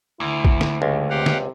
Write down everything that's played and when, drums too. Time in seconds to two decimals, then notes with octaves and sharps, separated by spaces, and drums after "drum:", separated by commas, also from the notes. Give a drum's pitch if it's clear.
0.20 D2 E4
0.45 drum: kick A#1
0.61 drum: snare
0.82 C#2 G2
1.10 C3 G4 F5 F#5
1.26 drum: snare